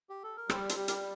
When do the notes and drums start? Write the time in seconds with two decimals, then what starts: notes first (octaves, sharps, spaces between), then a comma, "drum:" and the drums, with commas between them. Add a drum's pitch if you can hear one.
0.10 G4
0.23 A4
0.37 A#4
0.50 G3 A4 C5, drum: rim click
0.69 A4 C5, drum: hi-hat
0.75 G3
0.88 G4 A#4, drum: hi-hat